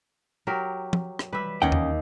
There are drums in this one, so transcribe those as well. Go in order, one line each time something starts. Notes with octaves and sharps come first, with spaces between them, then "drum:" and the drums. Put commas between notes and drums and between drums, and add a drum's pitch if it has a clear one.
F#3 G4 A#4
drum: tom
drum: rim click
G3 B4 E5
D#2 C#4 D#4 F#5 G5
drum: tom